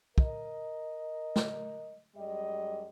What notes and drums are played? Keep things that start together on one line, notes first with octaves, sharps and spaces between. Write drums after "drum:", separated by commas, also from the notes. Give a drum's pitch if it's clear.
A#4 D#5, drum: kick
drum: snare
F#2 G3 G#3 D#5